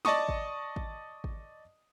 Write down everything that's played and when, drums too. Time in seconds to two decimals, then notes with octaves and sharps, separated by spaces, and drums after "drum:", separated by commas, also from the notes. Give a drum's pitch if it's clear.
0.05 D5 D#5 A5 C#6 D#6, drum: snare
0.29 drum: kick G#1
0.76 drum: kick G#1
1.24 drum: kick G#1